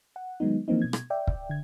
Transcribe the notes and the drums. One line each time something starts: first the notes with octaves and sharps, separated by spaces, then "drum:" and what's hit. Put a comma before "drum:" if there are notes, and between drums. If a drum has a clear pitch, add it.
F#5
D#3 F#3 G#3 B3 D#4
E3 F3 A#3 C4 D#4
B2 G#6
drum: rim click
D5 E5 G5
drum: kick
D3 G#6